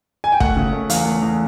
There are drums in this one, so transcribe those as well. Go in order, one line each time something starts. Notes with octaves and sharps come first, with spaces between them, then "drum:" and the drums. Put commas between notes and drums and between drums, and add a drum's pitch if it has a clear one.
G#5
G5
A3 F#5, drum: kick
C#3
A3
E2 F5, drum: hi-hat
A3
E2